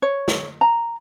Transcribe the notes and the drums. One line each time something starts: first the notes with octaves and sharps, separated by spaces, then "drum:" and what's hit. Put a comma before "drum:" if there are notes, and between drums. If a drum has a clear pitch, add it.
C#5
drum: snare
A#5